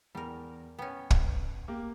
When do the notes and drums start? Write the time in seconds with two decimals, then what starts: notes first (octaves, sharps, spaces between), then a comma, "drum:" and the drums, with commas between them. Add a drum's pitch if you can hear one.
0.15 E2 G3 A#4
0.79 B3 C#4 G5
1.11 drum: kick
1.68 A#3 G4